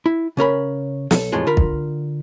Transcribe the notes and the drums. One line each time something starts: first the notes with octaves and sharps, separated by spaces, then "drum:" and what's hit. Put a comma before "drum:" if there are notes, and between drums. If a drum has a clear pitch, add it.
E4
C#3 C#4 A#4 B5
B1 A4, drum: snare
E2 A2 C3 F3 G#3
D3 F4 A#4 B5
drum: kick